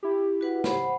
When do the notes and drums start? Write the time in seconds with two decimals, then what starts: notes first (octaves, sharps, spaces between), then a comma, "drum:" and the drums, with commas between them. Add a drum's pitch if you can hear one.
0.03 E4 G4
0.41 F#4 B4 F#5
0.64 C5 F#5 B5, drum: snare